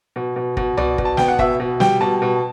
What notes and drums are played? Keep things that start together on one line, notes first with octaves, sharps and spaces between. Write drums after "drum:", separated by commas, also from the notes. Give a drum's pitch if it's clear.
B2
B2
B2, drum: kick
B2 D5, drum: tom C2
B2, drum: kick
A5
B3 G5, drum: snare
F#5
B2 E5, drum: kick
B2
G3 G5, drum: snare
B2 A5
B2